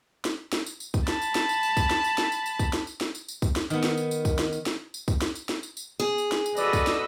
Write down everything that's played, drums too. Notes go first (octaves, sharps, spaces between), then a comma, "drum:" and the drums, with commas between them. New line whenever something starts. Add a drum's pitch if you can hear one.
drum: snare
drum: snare
drum: tambourine
drum: tambourine
drum: kick, tambourine
A5 B5, drum: snare
drum: tambourine
drum: snare
drum: tambourine
drum: tambourine
drum: kick, tambourine
drum: snare
drum: tambourine
drum: snare
drum: tambourine
drum: tambourine
drum: kick, tambourine
drum: snare
drum: tambourine
drum: snare
drum: tambourine
drum: tambourine
drum: kick, tambourine
drum: snare
D#3 B3, drum: tambourine
drum: snare
drum: tambourine
drum: tambourine
drum: kick, tambourine
drum: snare
drum: tambourine
drum: snare
drum: tambourine
drum: kick, tambourine
drum: snare
drum: tambourine
drum: snare
drum: tambourine
drum: tambourine
G#4
drum: tambourine
drum: snare
drum: tambourine
F#4 A4 B4 D5 D#5 E6, drum: tambourine
drum: kick, tambourine
drum: snare